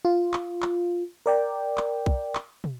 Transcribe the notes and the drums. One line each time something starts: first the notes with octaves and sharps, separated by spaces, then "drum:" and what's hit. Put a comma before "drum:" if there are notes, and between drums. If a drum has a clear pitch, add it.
F4
drum: clap
drum: clap
A#4 D5 G5
drum: clap
drum: kick B1
drum: clap
drum: tom